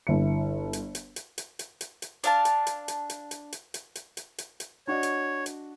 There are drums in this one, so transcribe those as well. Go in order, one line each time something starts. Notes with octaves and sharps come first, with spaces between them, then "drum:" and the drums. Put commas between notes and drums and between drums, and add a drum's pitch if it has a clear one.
G1 E4 C#7
drum: hi-hat
drum: hi-hat
drum: hi-hat
drum: hi-hat
drum: hi-hat
drum: hi-hat
drum: hi-hat
D4 F5 A5, drum: hi-hat
drum: hi-hat
drum: hi-hat
drum: hi-hat
drum: hi-hat
drum: hi-hat
drum: hi-hat
drum: hi-hat
drum: hi-hat
drum: hi-hat
drum: hi-hat
drum: hi-hat
D4 F#4 C#5 D#5
drum: hi-hat
drum: hi-hat